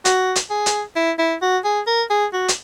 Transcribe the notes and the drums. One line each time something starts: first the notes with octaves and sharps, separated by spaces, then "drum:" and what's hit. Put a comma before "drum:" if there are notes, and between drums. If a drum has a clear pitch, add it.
F#4, drum: hi-hat
drum: hi-hat
G#4
drum: hi-hat
E4
E4
F#4
G#4
A#4
G#4
F#4
drum: hi-hat